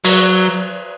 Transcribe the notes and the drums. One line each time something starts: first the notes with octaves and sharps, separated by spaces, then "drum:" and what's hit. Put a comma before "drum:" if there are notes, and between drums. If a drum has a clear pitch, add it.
F#3, drum: cymbal